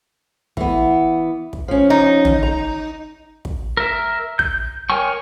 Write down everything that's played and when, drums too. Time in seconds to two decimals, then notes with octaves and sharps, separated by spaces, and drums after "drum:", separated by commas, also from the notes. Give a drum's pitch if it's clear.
0.57 E3 B3, drum: kick
1.53 drum: kick
1.68 F3 C#4
1.90 D#4
2.25 drum: tom
2.43 A#5
3.45 drum: kick
3.77 A#4 E5
4.39 G6, drum: kick
4.90 A#4 C#5 G5 G#5 C#6